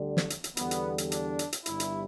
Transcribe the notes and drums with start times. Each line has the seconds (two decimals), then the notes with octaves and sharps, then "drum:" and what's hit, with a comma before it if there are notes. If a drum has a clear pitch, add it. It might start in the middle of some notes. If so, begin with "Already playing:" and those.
Already playing: D2 D3 G3
0.17 drum: snare
0.30 drum: hi-hat
0.44 drum: hi-hat
0.57 E2 D3 G3 B3, drum: hi-hat
0.71 drum: hi-hat
0.98 drum: hi-hat
1.12 D4, drum: hi-hat
1.39 drum: hi-hat
1.53 drum: hi-hat
1.66 G1 G2 G3 E4, drum: hi-hat
1.80 drum: hi-hat